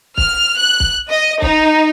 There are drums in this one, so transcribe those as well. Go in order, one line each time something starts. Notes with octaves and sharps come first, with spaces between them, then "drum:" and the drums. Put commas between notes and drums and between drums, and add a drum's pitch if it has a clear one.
F6, drum: kick
F#6
drum: kick
D#5
D#4, drum: kick